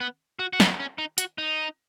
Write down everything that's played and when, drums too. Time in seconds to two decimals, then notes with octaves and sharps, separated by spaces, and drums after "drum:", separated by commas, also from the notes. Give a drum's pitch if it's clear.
0.01 B3
0.39 F#4
0.53 F#4
0.60 D#4, drum: snare
0.80 C#4
0.98 D#4
1.18 F#4, drum: hi-hat
1.38 D#4